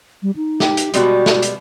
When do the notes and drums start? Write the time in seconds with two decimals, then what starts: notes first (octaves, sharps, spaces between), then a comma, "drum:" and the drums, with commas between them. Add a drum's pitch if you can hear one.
0.23 G3
0.36 D#4
0.60 G4, drum: snare
0.77 drum: hi-hat
0.94 B2 G3 G#3 F#4, drum: hi-hat
1.26 drum: snare
1.42 drum: hi-hat